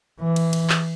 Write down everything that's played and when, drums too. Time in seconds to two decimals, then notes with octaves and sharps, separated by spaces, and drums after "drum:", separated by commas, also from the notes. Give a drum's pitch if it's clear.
0.20 E3
0.36 drum: cymbal
0.53 drum: cymbal
0.70 drum: clap